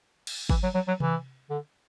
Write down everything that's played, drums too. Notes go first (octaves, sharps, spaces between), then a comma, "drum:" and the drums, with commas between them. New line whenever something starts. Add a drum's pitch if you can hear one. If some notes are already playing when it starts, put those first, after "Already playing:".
drum: cymbal
E3, drum: kick
F#3
F#3
F#3
E3, drum: tom C3
D3